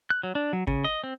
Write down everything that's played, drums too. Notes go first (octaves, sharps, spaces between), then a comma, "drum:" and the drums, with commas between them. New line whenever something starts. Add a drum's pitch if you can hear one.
F#6
F#3
D4
F#3
C#3, drum: kick
D#5
C4